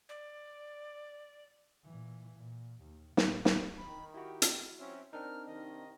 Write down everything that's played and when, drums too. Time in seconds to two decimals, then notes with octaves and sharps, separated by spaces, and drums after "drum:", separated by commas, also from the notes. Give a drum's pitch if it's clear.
0.09 D5
1.84 A#2 E3
2.37 A#2
2.82 D#2
3.17 A2, drum: snare
3.45 drum: snare
3.78 D#3 B5
4.14 E4 F#4 G4
4.42 drum: hi-hat
4.79 F#3 C4 C#4 E5
5.13 C4 D4 D#4 A#4 F6
5.46 C2 D#3 D#5